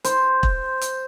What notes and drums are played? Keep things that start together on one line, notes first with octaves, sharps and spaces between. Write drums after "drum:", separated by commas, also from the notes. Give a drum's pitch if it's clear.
C5, drum: hi-hat
drum: kick E1
drum: hi-hat